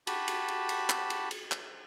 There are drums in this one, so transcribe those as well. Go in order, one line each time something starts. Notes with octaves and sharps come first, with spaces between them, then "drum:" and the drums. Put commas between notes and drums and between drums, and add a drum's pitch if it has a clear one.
F#4 G4 A5 B5, drum: cymbal
drum: cymbal
drum: cymbal
drum: cymbal
drum: clap
drum: cymbal
drum: cymbal
drum: clap